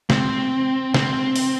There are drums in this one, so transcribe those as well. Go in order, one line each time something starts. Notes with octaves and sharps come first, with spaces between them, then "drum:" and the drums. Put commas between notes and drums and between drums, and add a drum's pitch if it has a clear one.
C4, drum: snare
C4, drum: snare
drum: open hi-hat